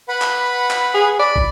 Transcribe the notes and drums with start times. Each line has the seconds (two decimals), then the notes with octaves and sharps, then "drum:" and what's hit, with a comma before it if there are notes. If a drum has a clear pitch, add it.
0.09 B4 F#5 B5
0.22 drum: clap
0.71 drum: clap
0.94 G#4
1.19 D5 B5
1.36 drum: kick